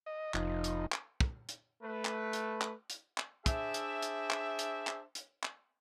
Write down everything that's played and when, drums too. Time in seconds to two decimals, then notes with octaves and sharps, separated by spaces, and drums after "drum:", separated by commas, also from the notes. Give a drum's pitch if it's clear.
0.06 D#5
0.34 F1 F3 D#4, drum: clap
0.64 drum: hi-hat
0.92 drum: clap
1.20 drum: kick
1.49 drum: hi-hat
1.82 A3 B4
2.05 drum: clap
2.33 drum: hi-hat
2.61 drum: clap
2.90 drum: hi-hat
3.18 drum: clap
3.46 D4 G#4 C5 E5, drum: kick, hi-hat
3.74 drum: hi-hat
4.02 drum: hi-hat
4.31 drum: clap
4.59 drum: hi-hat
4.87 drum: clap
5.15 drum: hi-hat
5.43 drum: clap